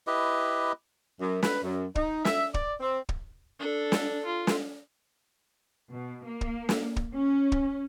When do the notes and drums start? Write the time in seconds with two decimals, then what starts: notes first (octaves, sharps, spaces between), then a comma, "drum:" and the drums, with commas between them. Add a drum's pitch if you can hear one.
0.07 E4 G4 B4 D#5
1.20 F#2
1.43 B4, drum: snare
1.63 F#2
1.95 D#4, drum: kick
2.25 E5, drum: snare
2.54 D5, drum: kick
2.80 C4
3.09 drum: kick
3.59 D4 A4
3.92 drum: snare
4.25 F4
4.47 drum: snare
5.91 B2
6.25 A#3
6.41 drum: kick
6.69 drum: snare
6.96 drum: kick
7.14 C#4
7.52 drum: kick